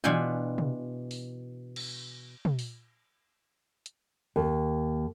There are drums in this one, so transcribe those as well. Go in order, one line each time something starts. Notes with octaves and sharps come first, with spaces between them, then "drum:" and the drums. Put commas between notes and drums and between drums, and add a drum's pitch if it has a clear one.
B2 E3 D4 F4 G5 G#5, drum: tom
drum: tom
drum: open hi-hat
drum: cymbal
drum: tom
drum: open hi-hat
drum: hi-hat
D#2